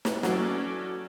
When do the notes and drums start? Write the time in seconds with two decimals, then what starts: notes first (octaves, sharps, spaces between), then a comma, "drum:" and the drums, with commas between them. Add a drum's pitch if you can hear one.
0.05 drum: snare
0.23 F#3 C#4 F#4 A4 D5, drum: snare